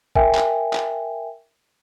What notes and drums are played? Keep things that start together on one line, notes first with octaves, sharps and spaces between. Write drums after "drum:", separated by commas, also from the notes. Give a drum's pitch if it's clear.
A#4 E5 G5 G#5, drum: kick
drum: clap
drum: clap